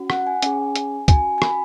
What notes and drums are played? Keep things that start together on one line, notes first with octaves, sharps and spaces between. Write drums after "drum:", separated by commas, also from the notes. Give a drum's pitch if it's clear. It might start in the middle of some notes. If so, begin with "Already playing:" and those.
Already playing: C#4 F#4
F#5, drum: rim click
G#5
C#4 G#4 G#5, drum: hi-hat
drum: hi-hat
C#4 F#4 G#5, drum: kick, hi-hat
G#5
B5, drum: rim click